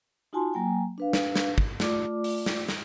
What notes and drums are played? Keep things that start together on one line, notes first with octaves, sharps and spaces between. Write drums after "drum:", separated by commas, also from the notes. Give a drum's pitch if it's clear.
D#4 F4 F#4 G#5 A5 C6
F#3 A#3 G5 G#5
D4 B4 F5
drum: snare
drum: snare
drum: kick
A3 F4 D5 D6, drum: snare
drum: open hi-hat
drum: snare
drum: snare